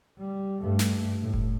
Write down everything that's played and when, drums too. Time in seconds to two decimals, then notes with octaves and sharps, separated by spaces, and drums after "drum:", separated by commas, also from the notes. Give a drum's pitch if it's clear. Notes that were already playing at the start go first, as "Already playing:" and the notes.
0.18 G3
0.61 G2 A3
0.79 drum: snare
1.20 A2
1.34 drum: kick F1